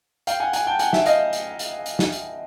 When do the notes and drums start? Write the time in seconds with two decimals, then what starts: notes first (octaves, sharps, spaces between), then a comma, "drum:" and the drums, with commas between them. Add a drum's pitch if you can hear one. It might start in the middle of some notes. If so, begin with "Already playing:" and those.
0.27 F5 G5, drum: hi-hat
0.40 F#5 G#5
0.53 F#5 G#5, drum: hi-hat
0.67 G5 A5
0.79 F#5 G#5, drum: hi-hat
0.93 E5, drum: snare
1.06 D#5 F5, drum: hi-hat
1.33 drum: hi-hat
1.59 drum: hi-hat
1.86 drum: hi-hat
1.99 drum: snare
2.12 drum: hi-hat